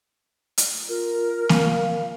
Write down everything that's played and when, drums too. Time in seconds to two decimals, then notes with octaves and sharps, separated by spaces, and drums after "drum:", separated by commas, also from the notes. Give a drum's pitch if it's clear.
0.58 drum: hi-hat
0.89 F4 A#4
1.49 F5, drum: snare A#3